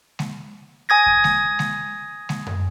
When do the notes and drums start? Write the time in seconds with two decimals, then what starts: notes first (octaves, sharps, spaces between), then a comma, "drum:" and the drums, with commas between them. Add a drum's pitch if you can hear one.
0.19 drum: snare G#3
0.89 G#5 D#6 G#6 A#6
1.06 drum: kick E2
1.24 drum: snare G#3
1.59 drum: snare G#3
2.29 drum: snare G#3
2.46 drum: tom F#2